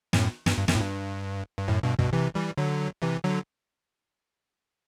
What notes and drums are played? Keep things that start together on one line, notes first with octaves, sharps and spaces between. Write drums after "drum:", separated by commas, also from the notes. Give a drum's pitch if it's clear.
F#2 A2, drum: snare
G2, drum: snare
G2
F#2, drum: snare
A2
G2
G2
F#2 A2
G2 B2
G2 B2, drum: kick
C3 E3
E3 G3
D3 F#3
C3 E3
D3 F#3